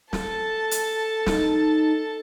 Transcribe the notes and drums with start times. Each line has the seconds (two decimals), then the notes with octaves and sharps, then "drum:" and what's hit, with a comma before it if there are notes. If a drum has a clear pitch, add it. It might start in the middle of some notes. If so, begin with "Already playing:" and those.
0.13 A4 A5, drum: snare
0.71 drum: hi-hat
1.26 D#4, drum: snare